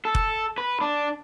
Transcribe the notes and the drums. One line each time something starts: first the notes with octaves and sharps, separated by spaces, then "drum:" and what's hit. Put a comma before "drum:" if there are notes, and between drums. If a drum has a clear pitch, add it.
A4
drum: kick F1
B4
D4